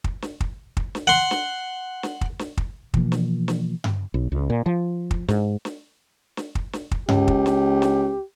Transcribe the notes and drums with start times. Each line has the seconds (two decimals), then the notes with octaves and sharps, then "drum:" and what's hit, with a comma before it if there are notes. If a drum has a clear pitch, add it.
0.04 drum: kick
0.22 drum: snare
0.40 drum: kick
0.77 drum: kick
0.95 drum: snare
1.07 F#5 C6
1.31 drum: snare
2.03 drum: snare
2.21 drum: kick
2.39 drum: snare
2.57 drum: kick
2.94 B2 E3 F3 A#3, drum: kick
3.12 drum: snare
3.48 drum: snare
3.84 drum: tom G2
4.14 B1
4.32 C#2
4.50 A#2
4.66 F3
5.11 drum: kick
5.28 G#2, drum: snare
5.65 drum: snare
6.37 drum: snare
6.55 drum: kick
6.73 drum: snare
6.91 drum: kick
7.09 C#2 G4, drum: tom G2
7.28 drum: kick
7.46 drum: snare
7.82 drum: snare